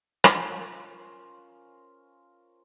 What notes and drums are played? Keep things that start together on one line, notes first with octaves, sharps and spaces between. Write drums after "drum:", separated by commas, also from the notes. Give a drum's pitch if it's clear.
C#4 F4 A#4 C5, drum: rim click